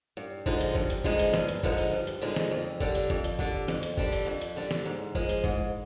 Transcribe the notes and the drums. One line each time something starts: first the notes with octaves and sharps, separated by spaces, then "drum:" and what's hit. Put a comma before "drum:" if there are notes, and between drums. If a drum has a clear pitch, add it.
G2
D3 F3 G#3 D#4, drum: kick G1
drum: hi-hat
G2, drum: kick G1
drum: hi-hat
D3 F3 G#3 D#4, drum: kick G1
drum: hi-hat
G2, drum: snare
drum: hi-hat
D3 F3 G#3 D#4, drum: kick G1
drum: open hi-hat
G2
drum: hi-hat
D3 F3 G#3 D#4
drum: snare
F2
D3 G3 D4, drum: kick G1
drum: hi-hat
F2, drum: kick G1
drum: hi-hat
D3 G3 D4, drum: kick G1
F2, drum: snare
drum: hi-hat
D3 G3 D4, drum: kick G1
drum: open hi-hat
F2
drum: hi-hat
D3 G3 D4
drum: snare
G#2
F3 G#3, drum: kick G1
drum: hi-hat
G#2, drum: kick G1